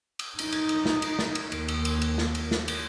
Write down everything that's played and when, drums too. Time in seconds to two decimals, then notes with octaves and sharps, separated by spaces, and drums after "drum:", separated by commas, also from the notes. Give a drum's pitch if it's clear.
0.19 drum: cymbal
0.39 D#4, drum: cymbal
0.52 drum: cymbal
0.69 drum: cymbal
0.86 drum: snare
1.02 drum: cymbal
1.19 drum: snare
1.35 drum: cymbal
1.52 D#2, drum: cymbal
1.68 drum: cymbal
1.85 drum: cymbal
2.02 drum: cymbal
2.18 drum: snare
2.35 drum: cymbal
2.51 drum: snare
2.68 drum: cymbal